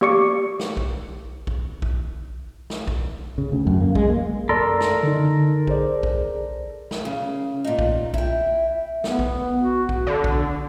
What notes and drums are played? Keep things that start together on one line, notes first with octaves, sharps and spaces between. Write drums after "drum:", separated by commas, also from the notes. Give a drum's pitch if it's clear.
A#3 G4 D5 C#6 D6 C#7
drum: snare
drum: kick A#1
drum: kick A#1
drum: kick A#1
drum: snare
drum: kick A#1
C#3
D2
F#2
A#3
G#3, drum: kick A#1
A#3
F#2 A4 A#4 D5 C6
drum: snare
D3 D#4
G#4 C5 D5, drum: kick A#1
drum: kick A#1
drum: snare
C#3
A#2 D#4
drum: kick A#1
E4 G5, drum: kick A#1
B3, drum: snare
drum: kick A#1
F#4
drum: kick A#1
D3
drum: kick A#1